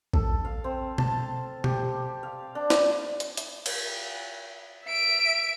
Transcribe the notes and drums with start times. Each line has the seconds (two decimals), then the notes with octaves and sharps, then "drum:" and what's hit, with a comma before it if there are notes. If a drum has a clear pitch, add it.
0.14 A4, drum: kick A1
0.45 F5
0.64 C4
0.98 A5, drum: tom B2
1.64 G4, drum: tom B2
2.23 F5
2.55 D4
2.70 D5, drum: snare
3.20 drum: hi-hat
3.37 drum: hi-hat
3.66 drum: cymbal
4.85 E5 D7